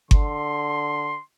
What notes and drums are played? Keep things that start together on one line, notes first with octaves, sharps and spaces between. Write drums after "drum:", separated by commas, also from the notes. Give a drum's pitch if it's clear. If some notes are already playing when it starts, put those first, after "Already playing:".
D3 C6, drum: kick G1